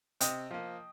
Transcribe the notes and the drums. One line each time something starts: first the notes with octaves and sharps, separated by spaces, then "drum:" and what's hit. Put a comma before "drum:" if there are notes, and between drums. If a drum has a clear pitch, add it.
C3 D#5 G5, drum: hi-hat
F3 A#3